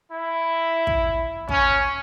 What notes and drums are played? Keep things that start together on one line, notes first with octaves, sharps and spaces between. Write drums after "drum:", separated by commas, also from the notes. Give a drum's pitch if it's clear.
E4
drum: kick
C#4, drum: kick